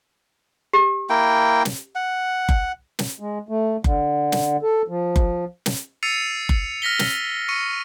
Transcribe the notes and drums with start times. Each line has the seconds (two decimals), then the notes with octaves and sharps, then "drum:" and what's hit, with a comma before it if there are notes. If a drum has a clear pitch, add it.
0.73 G4
1.10 A#3 E4 G5
1.65 drum: snare
1.95 F#5
2.49 drum: kick F#1
2.99 drum: snare
3.20 G#3
3.49 A3
3.84 D3, drum: kick F#1
4.32 drum: snare
4.62 A4
4.88 F3
5.16 drum: kick F#1
5.66 drum: snare
6.03 E6 A6 C7 C#7 D#7 F7
6.49 drum: kick F#1
6.82 F6 A#6 B6 G7
6.99 drum: snare
7.49 C#6 C#7 D#7